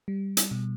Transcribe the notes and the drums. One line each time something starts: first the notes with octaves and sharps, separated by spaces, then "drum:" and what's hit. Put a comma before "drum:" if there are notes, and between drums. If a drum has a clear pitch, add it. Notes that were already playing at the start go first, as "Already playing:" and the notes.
G3
drum: hi-hat
B2